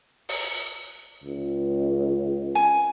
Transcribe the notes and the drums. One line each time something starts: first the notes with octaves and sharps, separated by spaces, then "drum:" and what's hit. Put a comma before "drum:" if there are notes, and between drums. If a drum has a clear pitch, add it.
drum: open hi-hat
C#2
G#5